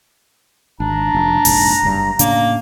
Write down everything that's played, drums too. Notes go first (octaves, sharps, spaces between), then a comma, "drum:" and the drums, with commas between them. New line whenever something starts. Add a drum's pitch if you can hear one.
G#1 D4 A#5
F1
F1 A#1 G#2, drum: open hi-hat
F#1 G2
A2 C#3 A#3 D4, drum: hi-hat